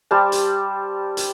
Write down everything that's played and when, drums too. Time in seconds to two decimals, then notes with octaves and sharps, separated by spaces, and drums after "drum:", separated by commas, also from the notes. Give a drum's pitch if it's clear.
0.11 G3 G4 C5 A5
0.32 drum: hi-hat
1.17 drum: hi-hat